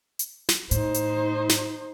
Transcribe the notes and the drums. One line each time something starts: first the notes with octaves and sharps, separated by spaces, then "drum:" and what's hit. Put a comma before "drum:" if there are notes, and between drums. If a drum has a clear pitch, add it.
drum: hi-hat
drum: snare
A2 D#4 C5, drum: hi-hat
drum: hi-hat
drum: snare